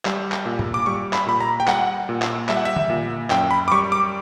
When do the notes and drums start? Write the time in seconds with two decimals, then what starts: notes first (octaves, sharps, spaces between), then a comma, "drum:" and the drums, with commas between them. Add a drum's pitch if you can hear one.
0.05 G3, drum: clap
0.32 drum: clap
0.46 A#2
0.59 drum: tom G2
0.74 D6
0.86 G3 C#6
1.13 B5, drum: clap
1.27 A#2 B5
1.40 A#5
1.60 G5
1.68 G3 F#5, drum: clap
2.09 A#2
2.22 drum: clap
2.49 G3 E5, drum: clap
2.57 F#5
2.65 E5
2.76 drum: tom D3
2.90 A#2
3.30 F#2 G5, drum: clap
3.51 B5
3.68 D6
3.72 G3 C#6
3.92 D6